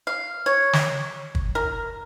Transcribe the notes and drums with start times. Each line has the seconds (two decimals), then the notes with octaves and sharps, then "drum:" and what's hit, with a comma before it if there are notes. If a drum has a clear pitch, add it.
0.07 F5
0.46 C#5
0.73 drum: snare
1.35 drum: kick
1.55 A#4